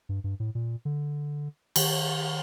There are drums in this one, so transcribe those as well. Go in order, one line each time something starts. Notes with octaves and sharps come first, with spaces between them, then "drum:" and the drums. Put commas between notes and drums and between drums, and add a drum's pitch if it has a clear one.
G2
G2
A2
A#2
D3
D#3, drum: cymbal